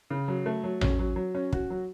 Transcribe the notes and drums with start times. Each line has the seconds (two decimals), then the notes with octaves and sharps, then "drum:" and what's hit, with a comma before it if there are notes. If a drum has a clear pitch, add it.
0.10 C#3
0.28 F#3
0.46 A3
0.64 F#3
0.81 C#4, drum: tom A1
0.99 F#3
1.16 F#3
1.35 C#4
1.53 F#4, drum: kick
1.70 F#3